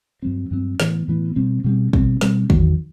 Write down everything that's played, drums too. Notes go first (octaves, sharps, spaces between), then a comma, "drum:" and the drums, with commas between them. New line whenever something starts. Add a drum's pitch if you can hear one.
G2 F#3 C4
G2 F#3 C4
A2 E3 B3, drum: snare
A2 E3 B3
B2 G3 C4
B2 G3 C4
B2 G3 C4, drum: kick
B2 G3 C4, drum: snare
E2 D#3 F#3, drum: kick